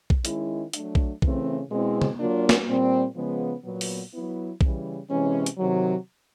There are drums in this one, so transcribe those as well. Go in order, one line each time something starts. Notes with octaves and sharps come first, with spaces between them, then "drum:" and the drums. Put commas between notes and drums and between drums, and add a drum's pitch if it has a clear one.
drum: kick A#1
D#3 G#3 C#4 E4, drum: hi-hat
F#3 A3 D4, drum: hi-hat
drum: kick A#1
C#3 E3 A3 C4, drum: kick A#1
B2 G#3 C4 E4
drum: tom
F#3 A#3 D4 F4
drum: snare
A#2 G3 C4
C#3 F3 G#3 B3
A#2 F#3 B3
drum: open hi-hat
F#3 B3 E4
C#3 E3 G3, drum: kick A#1
C3 E3 G#3 C#4
drum: hi-hat
C3 D#3 F#3